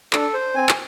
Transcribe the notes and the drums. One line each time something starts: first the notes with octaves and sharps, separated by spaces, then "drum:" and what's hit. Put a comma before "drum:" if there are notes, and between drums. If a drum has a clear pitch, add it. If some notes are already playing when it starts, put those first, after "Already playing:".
D4 A4, drum: clap
C5
C4 G#5
drum: clap